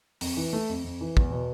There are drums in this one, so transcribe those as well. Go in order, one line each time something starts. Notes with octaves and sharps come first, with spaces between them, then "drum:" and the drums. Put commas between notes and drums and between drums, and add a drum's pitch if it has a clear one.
F2, drum: open hi-hat
E3
A3
F2
F2
E3
E2, drum: kick
B2